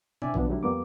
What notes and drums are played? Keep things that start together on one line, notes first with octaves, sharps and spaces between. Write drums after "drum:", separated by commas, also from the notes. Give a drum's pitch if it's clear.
C4 D4 E4 D5 E5 G#5, drum: tom B2
E3 F3 B3 D4, drum: kick A#1
D3 F#3 G3 A3 D4 E4
F2 G3 A#3 B3 D6